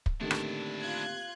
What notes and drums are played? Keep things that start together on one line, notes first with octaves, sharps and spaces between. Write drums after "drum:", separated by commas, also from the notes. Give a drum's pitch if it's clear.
drum: kick
A2 D3 D#3 A#3 C4 D4 E4 G4
drum: rim click
F4 F#6 G#6